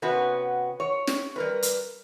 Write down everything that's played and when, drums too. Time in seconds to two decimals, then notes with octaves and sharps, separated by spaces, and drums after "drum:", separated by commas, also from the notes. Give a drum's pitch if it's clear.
0.02 C3 B3 C#4 F#4 B4
0.80 C#5
1.07 drum: snare
1.36 G3 A#4 B4
1.62 drum: hi-hat